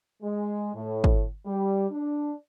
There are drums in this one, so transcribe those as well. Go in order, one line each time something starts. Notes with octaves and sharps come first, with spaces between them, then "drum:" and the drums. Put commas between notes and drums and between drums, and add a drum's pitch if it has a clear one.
G#3
A2
drum: kick
G3
D4